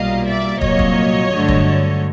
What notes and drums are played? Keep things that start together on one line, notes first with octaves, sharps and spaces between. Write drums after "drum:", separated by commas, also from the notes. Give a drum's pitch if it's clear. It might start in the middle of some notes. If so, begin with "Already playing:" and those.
Already playing: B1 A#2 G3 A#3 D#5 F5
D5 E5
C2 A#2 F#3 A#3 C#5 D#5, drum: kick
drum: kick
G2 D3 F#3 A3
drum: kick